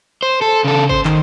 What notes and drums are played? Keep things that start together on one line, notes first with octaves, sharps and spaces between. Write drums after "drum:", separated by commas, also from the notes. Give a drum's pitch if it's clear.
C5
A4
C#3 A4
C5, drum: kick
D#3, drum: clap